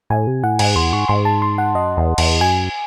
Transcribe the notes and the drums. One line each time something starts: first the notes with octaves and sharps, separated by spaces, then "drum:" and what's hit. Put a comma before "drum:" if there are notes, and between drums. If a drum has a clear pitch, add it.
A2 G#5
C3
A2 F#5
G#2 G#5, drum: cymbal
E2 C6
G#2 C#6
G#2 C6
A5
C6
F#5
F#2 D#5
E2
E2, drum: cymbal
F#2 G#5